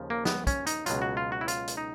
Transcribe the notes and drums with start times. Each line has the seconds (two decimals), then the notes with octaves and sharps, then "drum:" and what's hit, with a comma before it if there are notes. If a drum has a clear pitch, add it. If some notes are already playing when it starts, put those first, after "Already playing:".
Already playing: D#2 C#3 F3
0.10 A#3
0.25 B3, drum: snare
0.47 C#4, drum: kick, hi-hat
0.67 D#4, drum: hi-hat
0.86 C#2 B2 F#3 F4, drum: hi-hat
1.02 F#4
1.17 F4
1.32 F#4
1.41 E4
1.48 F4, drum: hi-hat
1.68 drum: hi-hat
1.77 D#4